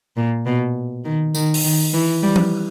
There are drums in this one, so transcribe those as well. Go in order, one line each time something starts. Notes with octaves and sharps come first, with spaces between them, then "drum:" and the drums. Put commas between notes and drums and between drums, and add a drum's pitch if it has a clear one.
A#2
B2
D#3
D#3, drum: tambourine
drum: open hi-hat
D#3
E3
G3
drum: tom F3